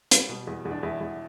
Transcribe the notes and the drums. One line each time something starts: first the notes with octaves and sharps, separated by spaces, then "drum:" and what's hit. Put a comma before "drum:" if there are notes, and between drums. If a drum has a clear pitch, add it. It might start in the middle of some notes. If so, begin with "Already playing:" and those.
G3, drum: hi-hat
B2
E2
E2
D4
E2 E4
E2